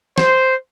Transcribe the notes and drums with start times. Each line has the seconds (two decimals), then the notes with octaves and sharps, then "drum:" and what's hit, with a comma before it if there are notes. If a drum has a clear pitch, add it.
0.18 C5, drum: snare